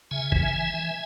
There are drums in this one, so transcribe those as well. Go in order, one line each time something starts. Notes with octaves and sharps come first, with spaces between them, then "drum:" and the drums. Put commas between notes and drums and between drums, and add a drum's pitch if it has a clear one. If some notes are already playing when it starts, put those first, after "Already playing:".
C#3 E5 G#5
E3, drum: kick
E5 G#5
E3
E3